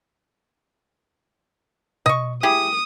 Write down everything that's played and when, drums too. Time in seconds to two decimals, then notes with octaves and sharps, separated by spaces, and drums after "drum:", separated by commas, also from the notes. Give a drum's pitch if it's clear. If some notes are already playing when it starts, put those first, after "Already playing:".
2.06 D#5 C#6, drum: tom B2
2.43 E4 G4 G#4 D#6